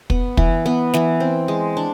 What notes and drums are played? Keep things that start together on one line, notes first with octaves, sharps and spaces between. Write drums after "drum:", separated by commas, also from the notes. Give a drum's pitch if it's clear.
B3, drum: kick
E3, drum: kick
B3
E3, drum: snare
C4
G#3
D4